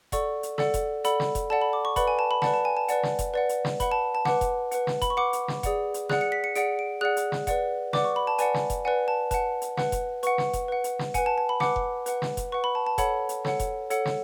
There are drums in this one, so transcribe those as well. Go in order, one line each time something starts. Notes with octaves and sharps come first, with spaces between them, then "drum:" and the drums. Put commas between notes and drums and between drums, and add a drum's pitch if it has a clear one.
A4 D5 F#5 C#6, drum: kick F1, hi-hat
drum: hi-hat
A4 D5 F#5, drum: snare
drum: kick F1, hi-hat
A4 D5 F#5 B5, drum: hi-hat
drum: snare
drum: kick F1, hi-hat
A4 D5 F#5 A5
B5
D6
C#6
B4 D5 F#5 B5, drum: kick F1, hi-hat
G#5
A5
B5
B4 D5 F#5 A5, drum: snare
A5
G#5
A5
B4 D5 F#5, drum: hi-hat
drum: snare
drum: kick F1, hi-hat
B4 D5 F#5
drum: hi-hat
drum: snare
B4 F#5 B5, drum: kick F1, hi-hat
A5
A5
B4 F#5 D6, drum: snare
drum: kick F1, hi-hat
B4 F#5, drum: hi-hat
drum: snare
B5, drum: kick F1, hi-hat
C#6
B4 F#5 D6
drum: hi-hat
drum: snare
G#4 D5 F#5, drum: kick F1, hi-hat
drum: hi-hat
G#4 D5 F#5 F#6, drum: snare
C#7
B6
C#7
G#4 D5 F#5 D7, drum: hi-hat
D7
G#4 D5 F#5 F#6
drum: hi-hat
drum: snare
B4 D5 F#5, drum: kick F1, hi-hat
B4 D5 F#5 D6, drum: snare
C#6
B5
A5
B4 D5 F#5 G#5, drum: hi-hat
drum: snare
drum: kick F1, hi-hat
B4 D5 F#5 G#5
A5
B4 F#5 A5, drum: kick F1, hi-hat
drum: hi-hat
B4 F#5, drum: snare
drum: kick F1, hi-hat
B4 F#5 C#6, drum: hi-hat
drum: snare
drum: kick F1, hi-hat
B4 F#5
drum: hi-hat
drum: snare
B4 F#5 G#5, drum: kick F1, hi-hat
A5
A5
B5
B4 F#5 D6, drum: snare
drum: kick F1
B4 F#5, drum: hi-hat
drum: snare
drum: kick F1, hi-hat
B4 F#5 C#6
B5
A5
A5
A4 C#5 F#5 B5, drum: kick F1, hi-hat
drum: hi-hat
A4 C#5 F#5, drum: snare
drum: kick F1, hi-hat
A4 C#5 F#5, drum: hi-hat
drum: snare